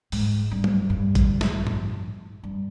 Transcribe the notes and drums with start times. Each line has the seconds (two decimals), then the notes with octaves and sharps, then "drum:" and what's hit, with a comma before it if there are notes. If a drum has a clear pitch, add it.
0.12 G#2, drum: open hi-hat
0.51 G2
0.64 drum: tom F#3
0.90 G2
1.15 drum: kick, hi-hat
1.41 drum: snare
1.67 drum: tom A2
2.43 G2